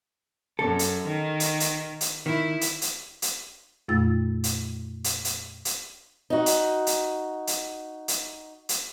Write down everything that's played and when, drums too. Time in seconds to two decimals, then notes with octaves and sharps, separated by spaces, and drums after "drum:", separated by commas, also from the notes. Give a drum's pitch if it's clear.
0.59 F#2 A4
0.79 drum: hi-hat
1.07 D#3
1.40 drum: hi-hat
1.60 drum: hi-hat
2.01 drum: hi-hat
2.26 D#3 E4
2.61 drum: hi-hat
2.82 drum: hi-hat
3.22 drum: hi-hat
3.88 F2 A#2 A3 F4 E6 A6
4.44 drum: hi-hat
5.04 drum: hi-hat
5.25 drum: hi-hat
5.65 drum: hi-hat
6.30 D#4 F#4
6.46 drum: hi-hat
6.87 drum: hi-hat
7.47 drum: hi-hat
8.08 drum: hi-hat
8.69 drum: hi-hat